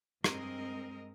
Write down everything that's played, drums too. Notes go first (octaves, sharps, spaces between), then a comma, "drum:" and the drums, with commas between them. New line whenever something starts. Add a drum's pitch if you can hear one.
G2 G#3 C4 A#4 D#5, drum: rim click